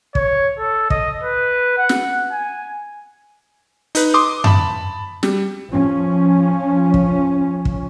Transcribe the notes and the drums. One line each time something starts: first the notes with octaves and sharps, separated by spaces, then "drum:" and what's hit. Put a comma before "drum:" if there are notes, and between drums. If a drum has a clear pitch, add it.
C#5, drum: kick
A4
D#5, drum: kick
B4
F#5
drum: snare
G#5
D#4 B4, drum: hi-hat
C6 D6 D#6
A5 B5, drum: tom F#2
G3, drum: snare
F3 C#4
drum: kick
drum: kick